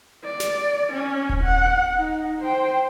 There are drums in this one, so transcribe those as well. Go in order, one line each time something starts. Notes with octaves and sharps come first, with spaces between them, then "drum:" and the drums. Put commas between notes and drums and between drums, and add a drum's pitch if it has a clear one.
D5
drum: snare
C#4
drum: kick D#1
F#5
D#4
C5 G5